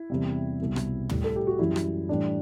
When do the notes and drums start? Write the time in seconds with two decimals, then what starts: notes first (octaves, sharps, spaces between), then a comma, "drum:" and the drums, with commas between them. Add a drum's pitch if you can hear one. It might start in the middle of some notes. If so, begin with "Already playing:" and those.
Already playing: E4
0.10 E2 C3 G3
0.60 C2 B2 G3
0.76 drum: rim click
1.09 A2 G3, drum: tom
1.24 A4
1.36 G4
1.47 F#4
1.59 F#2 E3 G3 E4
1.76 drum: rim click
2.09 A2 E3 G3 D4